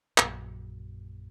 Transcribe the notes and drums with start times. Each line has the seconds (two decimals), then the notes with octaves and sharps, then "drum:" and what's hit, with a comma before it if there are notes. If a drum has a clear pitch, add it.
0.18 A#1 F#2, drum: clap